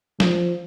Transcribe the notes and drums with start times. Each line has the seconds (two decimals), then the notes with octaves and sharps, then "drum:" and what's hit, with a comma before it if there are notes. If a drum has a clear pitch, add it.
0.20 F3, drum: snare